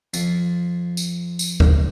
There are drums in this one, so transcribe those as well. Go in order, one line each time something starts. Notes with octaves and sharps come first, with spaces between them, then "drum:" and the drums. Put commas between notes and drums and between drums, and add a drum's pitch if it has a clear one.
F2 F3, drum: tambourine
drum: tambourine
drum: tambourine
drum: kick D2